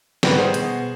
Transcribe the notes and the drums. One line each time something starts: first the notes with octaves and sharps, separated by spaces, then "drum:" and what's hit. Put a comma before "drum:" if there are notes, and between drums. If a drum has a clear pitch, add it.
G#2 D#3 G3 B3 G4 B4, drum: snare
G#4 C5
B2 B3, drum: hi-hat